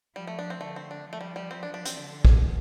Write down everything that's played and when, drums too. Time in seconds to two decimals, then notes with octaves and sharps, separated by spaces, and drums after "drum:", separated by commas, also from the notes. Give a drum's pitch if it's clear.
0.16 F3 G3
0.27 A3
0.39 D4
0.50 C4
0.61 D3 A3
0.76 C4
0.91 D4
1.06 F3
1.13 A3
1.21 G3
1.36 G3
1.51 C4
1.63 D4
1.74 D4
1.85 C4, drum: hi-hat
1.97 D3
2.25 drum: kick